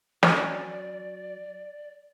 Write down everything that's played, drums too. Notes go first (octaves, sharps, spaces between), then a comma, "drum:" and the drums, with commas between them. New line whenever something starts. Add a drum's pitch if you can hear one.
F#3 C#4 D5, drum: snare